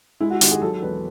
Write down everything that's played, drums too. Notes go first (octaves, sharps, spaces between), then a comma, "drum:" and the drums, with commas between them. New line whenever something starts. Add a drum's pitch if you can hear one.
G#3 E4
F#4
G#1 G4, drum: hi-hat
G#4
F#3 A4
E1 B4